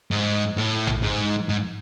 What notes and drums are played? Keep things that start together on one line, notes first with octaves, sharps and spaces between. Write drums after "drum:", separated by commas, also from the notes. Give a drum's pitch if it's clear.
G#2
A2
drum: tom A1
G#2
G#2